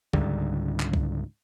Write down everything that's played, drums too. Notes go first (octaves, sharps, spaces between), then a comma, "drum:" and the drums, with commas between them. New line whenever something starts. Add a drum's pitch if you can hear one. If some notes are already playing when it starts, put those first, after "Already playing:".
C#2 G#2 D3 G3, drum: kick
drum: clap
drum: kick